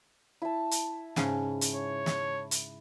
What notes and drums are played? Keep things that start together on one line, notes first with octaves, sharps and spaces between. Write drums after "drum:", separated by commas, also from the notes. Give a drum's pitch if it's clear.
E4 A5
drum: hi-hat
G#2 C#3 C#4, drum: snare
drum: hi-hat
C#5
drum: snare
drum: hi-hat